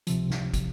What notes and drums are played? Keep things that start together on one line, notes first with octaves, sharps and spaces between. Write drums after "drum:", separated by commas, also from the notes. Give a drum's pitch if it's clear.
C#2 C3 F3, drum: hi-hat
drum: snare
drum: kick, hi-hat